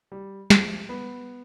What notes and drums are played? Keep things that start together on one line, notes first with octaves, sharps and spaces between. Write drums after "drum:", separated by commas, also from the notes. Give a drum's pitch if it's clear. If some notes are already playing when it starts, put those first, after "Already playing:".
G3
F3, drum: snare
B3